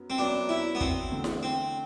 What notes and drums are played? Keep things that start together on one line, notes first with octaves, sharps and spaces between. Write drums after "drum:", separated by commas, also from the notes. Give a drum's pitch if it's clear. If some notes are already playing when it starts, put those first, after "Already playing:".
Already playing: F#2 F#3 B3
C4
F#2 F#3 B3 D4
E4
B3
C4, drum: kick
E2 D3 A3
drum: snare E4
C4